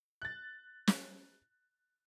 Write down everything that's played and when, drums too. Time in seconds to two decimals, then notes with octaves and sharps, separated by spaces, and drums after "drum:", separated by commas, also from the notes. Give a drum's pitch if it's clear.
0.22 F#6 A6
0.87 drum: snare